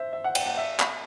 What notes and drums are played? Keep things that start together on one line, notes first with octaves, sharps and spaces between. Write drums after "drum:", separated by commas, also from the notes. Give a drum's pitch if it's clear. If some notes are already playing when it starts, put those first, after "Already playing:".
Already playing: C5 E5
E5
F#5
G5, drum: cymbal
F#5
E5
drum: clap